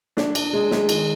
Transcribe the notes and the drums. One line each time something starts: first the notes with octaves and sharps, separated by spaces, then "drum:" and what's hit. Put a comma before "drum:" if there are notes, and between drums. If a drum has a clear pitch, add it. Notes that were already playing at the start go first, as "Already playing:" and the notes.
D4, drum: snare
D4, drum: cymbal
G#3
G#3, drum: snare
D#3, drum: cymbal